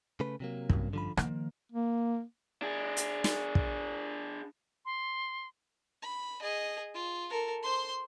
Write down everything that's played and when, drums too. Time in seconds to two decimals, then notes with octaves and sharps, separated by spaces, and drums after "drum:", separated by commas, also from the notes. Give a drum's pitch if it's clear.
0.20 C#3 A3 B4
0.40 C3 F#3 A#3
0.70 G2 C#4, drum: kick
0.93 D3 F3 B5
1.17 D#3 F3 A#3, drum: rim click
1.72 A#3
2.62 D4 G#4
2.97 drum: hi-hat
3.24 drum: snare
3.55 drum: kick
4.85 C6
6.02 B5
6.42 G#4 D#5
6.95 F4
7.30 A4 A#4
7.63 C5 C6